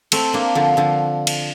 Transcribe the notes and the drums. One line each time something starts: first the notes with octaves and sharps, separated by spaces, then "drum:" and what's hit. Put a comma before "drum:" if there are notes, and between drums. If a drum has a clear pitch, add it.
A3 C4, drum: cymbal
A#3 D4
D3 F3
D3 F3
drum: cymbal